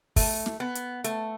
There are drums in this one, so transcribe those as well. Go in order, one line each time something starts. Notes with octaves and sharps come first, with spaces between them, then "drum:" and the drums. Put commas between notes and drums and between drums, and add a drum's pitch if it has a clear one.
A3, drum: kick, open hi-hat
drum: snare
B3
drum: hi-hat
A3, drum: hi-hat